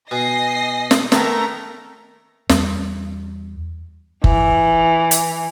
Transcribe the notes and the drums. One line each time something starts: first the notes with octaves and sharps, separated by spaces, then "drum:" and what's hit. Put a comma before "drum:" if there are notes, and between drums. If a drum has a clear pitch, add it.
B2 D#5 G#5 A#6 C7
drum: snare
D#3 A3 B3 A#4 A#5, drum: snare
E2 G3, drum: snare
E3, drum: kick F#1
drum: hi-hat